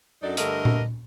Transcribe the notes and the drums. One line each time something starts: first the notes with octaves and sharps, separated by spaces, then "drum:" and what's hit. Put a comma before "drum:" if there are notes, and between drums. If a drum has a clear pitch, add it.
F#2 F#3 D4 D#4 A4 D5
G2 D3 A3 A#4 D#5, drum: hi-hat
drum: tom A#2